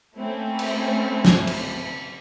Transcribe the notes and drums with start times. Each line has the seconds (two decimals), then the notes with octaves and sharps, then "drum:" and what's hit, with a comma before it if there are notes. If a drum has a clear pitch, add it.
0.17 A3 A#3 C4 C#4 E4 A4
0.59 drum: cymbal
1.25 drum: snare
1.47 drum: cymbal